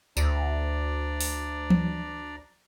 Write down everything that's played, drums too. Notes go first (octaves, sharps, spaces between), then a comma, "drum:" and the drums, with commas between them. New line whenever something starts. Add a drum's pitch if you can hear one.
D2 D4 D5 A#5, drum: tambourine
drum: open hi-hat
drum: tom E3